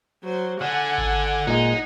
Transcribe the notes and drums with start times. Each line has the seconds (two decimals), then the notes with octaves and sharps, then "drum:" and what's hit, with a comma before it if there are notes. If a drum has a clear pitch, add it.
0.23 F#3 C5
0.61 D3 F#5 G#5
0.98 drum: kick G#1
1.47 A#2 G#3 D#4